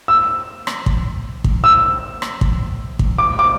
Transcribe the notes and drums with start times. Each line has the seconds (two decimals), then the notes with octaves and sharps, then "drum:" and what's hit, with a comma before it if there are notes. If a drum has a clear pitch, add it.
0.08 E6
0.67 drum: rim click
0.86 drum: kick
1.44 drum: kick
1.64 E6
2.22 drum: rim click
2.41 drum: kick
2.99 drum: kick
3.18 D6
3.39 D6